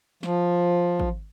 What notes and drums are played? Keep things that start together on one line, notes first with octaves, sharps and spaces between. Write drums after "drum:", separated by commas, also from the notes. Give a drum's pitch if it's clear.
F3, drum: snare
drum: kick